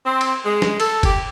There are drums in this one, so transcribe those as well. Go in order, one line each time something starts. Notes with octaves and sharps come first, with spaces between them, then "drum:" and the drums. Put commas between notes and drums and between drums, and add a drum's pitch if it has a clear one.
C4
drum: cymbal
G#3
drum: snare
A4, drum: cymbal
G4, drum: kick F#1, cymbal